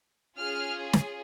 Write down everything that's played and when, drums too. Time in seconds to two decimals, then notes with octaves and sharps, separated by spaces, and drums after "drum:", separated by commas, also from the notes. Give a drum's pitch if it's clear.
0.38 C#4 F4 G#4 F6
0.93 drum: snare